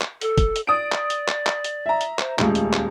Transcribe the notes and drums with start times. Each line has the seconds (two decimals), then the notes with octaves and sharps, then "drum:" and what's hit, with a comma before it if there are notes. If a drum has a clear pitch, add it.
0.01 drum: clap
0.21 A4, drum: hi-hat
0.38 drum: kick, hi-hat
0.56 drum: hi-hat
0.67 D5 D#6 D7
0.92 drum: clap
1.10 drum: hi-hat
1.28 drum: clap
1.46 drum: clap
1.64 drum: hi-hat
1.86 E5 A#5
2.01 drum: hi-hat
2.19 C5, drum: clap
2.39 D#1 C#2 G#3 A3, drum: clap
2.55 drum: hi-hat
2.73 drum: clap